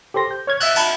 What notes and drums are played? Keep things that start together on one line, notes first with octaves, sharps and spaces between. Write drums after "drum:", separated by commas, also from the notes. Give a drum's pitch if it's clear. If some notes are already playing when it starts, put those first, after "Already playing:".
G4 A4 C5 C6 A#6
G6
C#5 F6 G#6
E5 E6 F#6, drum: cymbal
E5 A5 B5, drum: cymbal